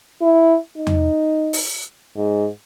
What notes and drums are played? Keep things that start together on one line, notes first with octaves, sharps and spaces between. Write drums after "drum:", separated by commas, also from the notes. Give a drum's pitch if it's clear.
E4
D#4
drum: tom E2
drum: open hi-hat
G#2